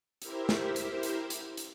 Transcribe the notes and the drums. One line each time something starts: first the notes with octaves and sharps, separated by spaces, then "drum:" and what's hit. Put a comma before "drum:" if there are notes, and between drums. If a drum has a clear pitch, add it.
E4 G4 A#4 C5 E5, drum: hi-hat
drum: snare
drum: hi-hat
drum: hi-hat
drum: hi-hat
drum: hi-hat